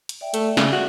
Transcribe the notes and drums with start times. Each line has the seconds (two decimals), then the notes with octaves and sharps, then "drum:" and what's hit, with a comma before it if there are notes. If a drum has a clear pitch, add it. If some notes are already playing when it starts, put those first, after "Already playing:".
0.09 drum: hi-hat
0.21 D5 E5 G5
0.34 A3, drum: hi-hat
0.57 C#3, drum: snare
0.72 F#4